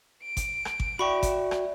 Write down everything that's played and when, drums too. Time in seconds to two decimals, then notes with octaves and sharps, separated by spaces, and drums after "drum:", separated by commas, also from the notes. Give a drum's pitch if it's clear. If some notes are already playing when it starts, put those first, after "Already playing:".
0.22 D7
0.37 drum: kick G#1, hi-hat
0.65 drum: rim click
0.80 drum: kick G#1
0.99 F#4 D5 E5 G5 B5 C#6
1.23 drum: kick G#1, hi-hat
1.51 drum: rim click